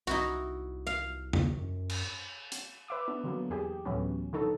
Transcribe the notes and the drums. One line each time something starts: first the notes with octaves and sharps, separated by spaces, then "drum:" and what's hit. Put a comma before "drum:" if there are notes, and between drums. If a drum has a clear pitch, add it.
C2 D#4 E4 F#4
F5
drum: tom E2
F#2
drum: cymbal
drum: hi-hat
B4 E5 D6
B3 D4
D3 F#3 A#3 B3
E2 G4 G#4 G5
D2 A2 E3 F#3 B3 C#4
B2 D3 F#3 D#4 F#4 A4